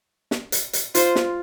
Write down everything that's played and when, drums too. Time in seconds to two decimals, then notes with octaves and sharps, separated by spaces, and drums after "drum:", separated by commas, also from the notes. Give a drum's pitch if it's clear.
0.31 drum: snare
0.52 drum: hi-hat
0.73 drum: hi-hat
0.95 F4 C5, drum: hi-hat
1.16 drum: snare